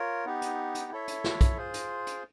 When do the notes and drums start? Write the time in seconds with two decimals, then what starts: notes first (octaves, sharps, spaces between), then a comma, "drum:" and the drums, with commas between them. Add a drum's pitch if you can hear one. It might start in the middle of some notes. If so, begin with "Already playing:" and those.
Already playing: F4 A#4 C#5
0.25 B3 D#4 G4
0.42 drum: hi-hat
0.75 drum: hi-hat
0.91 E4 A4 C#5 E5
1.08 drum: hi-hat
1.24 drum: snare
1.41 drum: kick, hi-hat
1.57 F4 G#4 C5
1.74 drum: hi-hat
2.07 drum: hi-hat